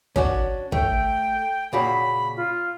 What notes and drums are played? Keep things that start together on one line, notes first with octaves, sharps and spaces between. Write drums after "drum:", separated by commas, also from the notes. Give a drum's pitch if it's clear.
C#4 D4 F#4, drum: kick
A3 G5, drum: kick
A#2 C#3 F#4 B5
F4